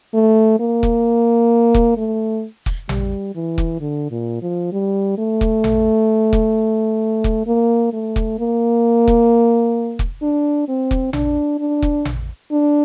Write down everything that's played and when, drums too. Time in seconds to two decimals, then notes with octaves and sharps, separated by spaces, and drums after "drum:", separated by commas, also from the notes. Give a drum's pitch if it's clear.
0.14 A3
0.59 A#3
0.83 drum: kick
1.74 drum: kick
1.97 A3
2.66 drum: kick
2.89 G3, drum: tom A1
3.35 E3
3.58 drum: kick
3.80 D3
4.11 A#2
4.42 F3
4.72 G3
5.18 A3
5.41 drum: kick
5.64 drum: tom A1
6.33 drum: kick
7.24 drum: kick
7.47 A#3
7.93 A3
8.16 drum: kick
8.39 A#3
9.08 drum: kick
9.99 drum: kick
10.22 D4
10.68 C4
10.91 drum: kick
11.13 D4, drum: tom A1
11.59 D4
11.82 drum: kick
12.05 drum: tom A1
12.51 D4